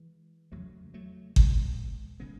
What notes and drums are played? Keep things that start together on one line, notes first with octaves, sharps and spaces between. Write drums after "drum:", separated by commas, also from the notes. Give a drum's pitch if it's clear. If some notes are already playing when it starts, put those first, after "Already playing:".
Already playing: E3 G#3
E2 C#3 F#3 A3
F#3 A3
G#2 G#3 B3, drum: kick G1
C#3 G#3 B3